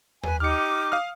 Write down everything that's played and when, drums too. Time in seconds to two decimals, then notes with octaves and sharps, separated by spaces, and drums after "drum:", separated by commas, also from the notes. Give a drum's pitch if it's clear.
0.23 B4 G#5, drum: tom D#2
0.40 D#4 G4 D6 F6 C#7
0.92 F5 D#6 F6